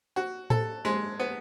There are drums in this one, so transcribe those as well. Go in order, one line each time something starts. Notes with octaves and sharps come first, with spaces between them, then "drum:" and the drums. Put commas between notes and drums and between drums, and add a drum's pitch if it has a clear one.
F#4
A4, drum: tom A2
G#3
B3